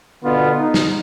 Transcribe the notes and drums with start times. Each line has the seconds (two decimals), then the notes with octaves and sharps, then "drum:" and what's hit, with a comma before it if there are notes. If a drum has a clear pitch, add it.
0.24 B2 D3 B3 F4
0.58 D#4
0.74 drum: snare